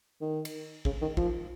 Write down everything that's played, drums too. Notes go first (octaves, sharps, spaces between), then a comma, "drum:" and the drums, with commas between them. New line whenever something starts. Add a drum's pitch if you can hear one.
D#3
drum: cymbal
C#3, drum: kick
D#3
F3, drum: kick